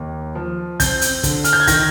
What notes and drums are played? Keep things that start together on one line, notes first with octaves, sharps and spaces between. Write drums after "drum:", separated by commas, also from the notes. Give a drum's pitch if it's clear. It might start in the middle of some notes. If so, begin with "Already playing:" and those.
Already playing: D#2
F3
C4 G6, drum: kick, hi-hat
drum: hi-hat
D3, drum: kick, hi-hat
F6, drum: hi-hat
G6
G#6
D#3 A#6, drum: kick, hi-hat